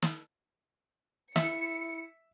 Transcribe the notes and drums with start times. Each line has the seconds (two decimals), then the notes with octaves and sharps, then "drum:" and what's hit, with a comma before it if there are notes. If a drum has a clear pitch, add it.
0.02 drum: snare
1.36 E4 E5 C#7, drum: snare